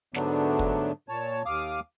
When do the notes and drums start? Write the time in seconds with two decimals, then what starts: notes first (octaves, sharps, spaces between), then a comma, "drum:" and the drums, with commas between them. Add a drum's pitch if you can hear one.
0.14 G#2 D3 F#3 A3 B3 D4, drum: snare
0.59 drum: kick
1.09 A#2 C#5 A5
1.46 D#2 F5 D6 D#6